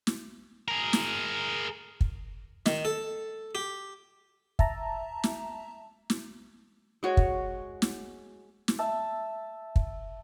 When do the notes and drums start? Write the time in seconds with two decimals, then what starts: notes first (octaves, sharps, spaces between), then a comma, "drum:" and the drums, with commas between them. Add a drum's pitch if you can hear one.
0.07 drum: snare
0.68 G#4 A#4
0.93 drum: snare
2.01 drum: kick
2.66 D#3, drum: snare
2.85 A4
3.55 G4
4.59 E5 A5 A#5, drum: kick
5.24 drum: snare
6.10 drum: snare
7.03 G#3 F#4 C#5
7.17 drum: kick
7.82 drum: snare
8.68 drum: snare
8.79 E5 A5
9.76 drum: kick